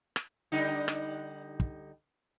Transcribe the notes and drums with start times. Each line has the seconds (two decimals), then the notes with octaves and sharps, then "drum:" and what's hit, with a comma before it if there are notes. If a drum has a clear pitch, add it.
0.16 drum: rim click
0.52 D3 G3 D#4
0.88 drum: rim click
1.60 drum: kick